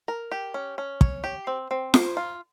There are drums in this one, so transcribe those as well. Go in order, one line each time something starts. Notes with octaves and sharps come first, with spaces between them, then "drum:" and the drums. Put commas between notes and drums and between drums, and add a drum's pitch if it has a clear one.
A#4
G4
C#4
C#4
C#5, drum: kick
G4
C4
C4
C5, drum: snare F4
F4